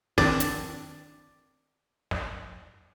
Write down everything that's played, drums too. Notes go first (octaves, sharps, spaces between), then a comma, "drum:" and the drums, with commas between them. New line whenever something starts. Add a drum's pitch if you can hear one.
D#3 C4 D4 D5, drum: snare
drum: hi-hat
drum: snare